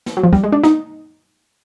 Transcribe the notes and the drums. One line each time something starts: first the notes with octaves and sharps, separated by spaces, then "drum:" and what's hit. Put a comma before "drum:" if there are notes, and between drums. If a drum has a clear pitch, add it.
drum: snare
F#3
F3
G3, drum: kick
G#3
D4
D#4, drum: snare